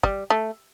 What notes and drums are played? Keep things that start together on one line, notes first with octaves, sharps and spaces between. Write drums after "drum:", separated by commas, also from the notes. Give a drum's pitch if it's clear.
G3, drum: kick
A3